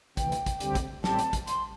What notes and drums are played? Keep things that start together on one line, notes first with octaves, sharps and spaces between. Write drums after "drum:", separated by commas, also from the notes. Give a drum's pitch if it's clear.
D2 C3 E3 G5, drum: kick, hi-hat
drum: hi-hat
drum: kick, hi-hat
D2 D3 G3 C4 G4, drum: hi-hat
drum: kick, hi-hat
A2 G3 C4 G4 A5, drum: snare
drum: hi-hat
drum: kick, hi-hat
C6, drum: hi-hat